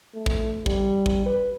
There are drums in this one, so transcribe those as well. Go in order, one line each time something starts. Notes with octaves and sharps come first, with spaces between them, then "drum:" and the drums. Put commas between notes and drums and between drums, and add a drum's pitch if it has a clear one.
A3
drum: kick
G3, drum: kick
drum: kick
B4